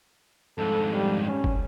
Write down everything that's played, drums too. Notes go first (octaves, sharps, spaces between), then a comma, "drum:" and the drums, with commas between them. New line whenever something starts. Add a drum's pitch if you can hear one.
F2 G#2 A4
G3
C#4
drum: kick